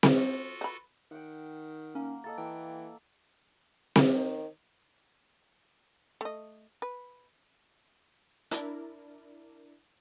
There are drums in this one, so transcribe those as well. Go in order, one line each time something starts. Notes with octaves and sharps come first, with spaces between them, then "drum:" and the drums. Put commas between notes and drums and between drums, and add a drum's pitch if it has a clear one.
drum: snare C4
F4 F#4 A4
B4 B5
D#3 F#5 G5
A#3 C#4
A#3 A4 D#5 A6
E3 G5
drum: snare C4
D#3
A3 D#5
B4
D4 E4 A#4 D5, drum: hi-hat